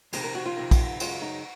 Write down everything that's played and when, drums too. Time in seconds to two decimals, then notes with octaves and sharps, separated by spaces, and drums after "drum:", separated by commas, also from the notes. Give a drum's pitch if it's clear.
0.13 F2 C3 D#3 G#4, drum: cymbal
0.24 A#4
0.35 F#4
0.46 F4
0.56 F2 C3 D#3
0.71 drum: kick, cymbal
1.00 F#2 C#3 G#3 F4, drum: cymbal
1.22 D#4